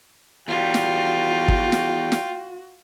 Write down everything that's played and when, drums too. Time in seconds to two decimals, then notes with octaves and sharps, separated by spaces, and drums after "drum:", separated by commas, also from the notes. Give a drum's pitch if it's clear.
0.48 E2 G3 F4 F#4 G5
0.74 drum: snare
1.48 drum: kick
1.72 drum: snare
2.12 drum: snare